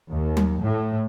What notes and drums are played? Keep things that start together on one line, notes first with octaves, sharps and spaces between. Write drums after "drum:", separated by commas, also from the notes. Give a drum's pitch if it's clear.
D#2
drum: tom F#3
A2